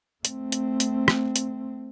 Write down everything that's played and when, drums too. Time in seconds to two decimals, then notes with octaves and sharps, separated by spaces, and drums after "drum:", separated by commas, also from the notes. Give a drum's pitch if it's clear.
0.25 A3 C4, drum: hi-hat
0.52 drum: hi-hat
0.80 drum: hi-hat
1.08 drum: rim click
1.36 drum: hi-hat